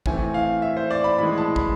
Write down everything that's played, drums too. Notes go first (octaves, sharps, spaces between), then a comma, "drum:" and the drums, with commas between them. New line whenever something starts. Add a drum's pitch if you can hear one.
A2 E3 A3 C4 G#5, drum: kick
F5
E5
C5
D5
B5
A2 E3 G#3 B5
A5
B5, drum: kick